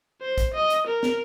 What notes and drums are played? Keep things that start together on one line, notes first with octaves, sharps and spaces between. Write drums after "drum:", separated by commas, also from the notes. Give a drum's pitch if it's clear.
C5
drum: kick, hi-hat
D#5
drum: hi-hat
A#4
drum: snare